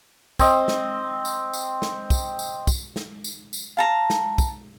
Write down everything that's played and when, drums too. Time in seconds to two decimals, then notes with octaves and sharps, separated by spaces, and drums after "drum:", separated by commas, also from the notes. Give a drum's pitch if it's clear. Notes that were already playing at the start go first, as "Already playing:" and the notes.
0.39 C4 D#5, drum: kick, tambourine
0.68 drum: snare
1.25 drum: tambourine
1.53 drum: tambourine
1.82 drum: snare
2.10 drum: kick, tambourine
2.39 drum: tambourine
2.67 drum: kick, tambourine
2.96 drum: snare
3.24 drum: tambourine
3.53 drum: tambourine
3.77 F5 A5 A#5
4.10 drum: snare
4.38 drum: kick, tambourine